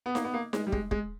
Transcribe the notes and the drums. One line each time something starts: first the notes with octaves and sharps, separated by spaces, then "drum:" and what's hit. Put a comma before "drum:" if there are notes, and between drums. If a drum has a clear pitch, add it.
B3
A#3, drum: snare D#4
B3
A#3
G#3, drum: snare D#4
G3
G#3, drum: kick
G#3, drum: kick